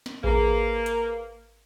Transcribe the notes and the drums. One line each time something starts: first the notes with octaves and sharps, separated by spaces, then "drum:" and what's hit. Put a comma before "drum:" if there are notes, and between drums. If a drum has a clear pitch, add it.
drum: snare
A#3 G#4 B4, drum: kick A1
drum: hi-hat